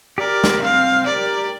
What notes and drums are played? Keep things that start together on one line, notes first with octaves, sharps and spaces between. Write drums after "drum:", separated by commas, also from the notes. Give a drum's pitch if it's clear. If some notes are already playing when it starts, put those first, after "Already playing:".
G4 A#4 D5
drum: snare
C4 F5
G4 A#4 D5